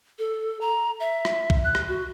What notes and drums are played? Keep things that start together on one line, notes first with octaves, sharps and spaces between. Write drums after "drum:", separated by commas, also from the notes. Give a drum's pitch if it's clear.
A4
A#5
E5
drum: rim click
drum: kick B1
F#6
drum: rim click
F#4